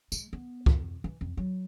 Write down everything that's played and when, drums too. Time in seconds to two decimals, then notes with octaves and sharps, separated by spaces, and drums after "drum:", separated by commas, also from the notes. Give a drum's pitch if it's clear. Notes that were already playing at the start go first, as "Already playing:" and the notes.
0.12 G#3, drum: tambourine
0.33 B3
0.66 F2, drum: kick
1.04 E3
1.21 F2
1.37 F#3